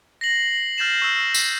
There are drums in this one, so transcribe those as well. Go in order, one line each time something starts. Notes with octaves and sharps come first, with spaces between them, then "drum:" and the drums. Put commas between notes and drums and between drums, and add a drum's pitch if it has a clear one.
A#6 C7 F#7
F6 G6 A6 C7 E7 F#7
C#6 E6
drum: tambourine